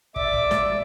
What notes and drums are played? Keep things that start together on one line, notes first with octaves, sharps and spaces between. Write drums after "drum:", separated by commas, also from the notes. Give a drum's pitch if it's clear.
D5 E5 D6, drum: kick
drum: kick
drum: snare